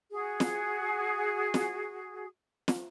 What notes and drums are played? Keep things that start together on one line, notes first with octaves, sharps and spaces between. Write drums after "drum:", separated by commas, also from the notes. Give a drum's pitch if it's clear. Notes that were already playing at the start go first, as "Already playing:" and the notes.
F#4 G#4
drum: snare
drum: snare
drum: snare